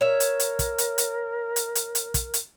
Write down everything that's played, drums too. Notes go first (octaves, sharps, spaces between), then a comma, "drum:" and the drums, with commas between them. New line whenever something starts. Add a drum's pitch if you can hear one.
A#4 C#5 E5
drum: hi-hat
drum: hi-hat
drum: kick, hi-hat
drum: hi-hat
drum: hi-hat
drum: hi-hat
drum: hi-hat
drum: hi-hat
drum: kick, hi-hat
drum: hi-hat